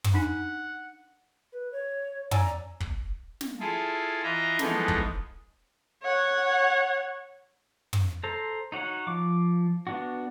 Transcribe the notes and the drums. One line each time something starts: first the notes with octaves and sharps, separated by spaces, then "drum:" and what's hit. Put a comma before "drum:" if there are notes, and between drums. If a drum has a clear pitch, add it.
drum: tom
D4 D#4 F#5 G#5
B4
C#5
D5 G#5 A#5 E6, drum: tom
drum: kick
drum: snare
E4 F4 G#4 A4
E3 F4 D#5 E5 A#5
E3 F3 G#3 A3 B3 D#4, drum: snare
drum: kick
C#5 F#5
drum: tom
A4 C5 A#5
D#4 F#4 C#5 F#5
F3 D6
B3 D4 F#4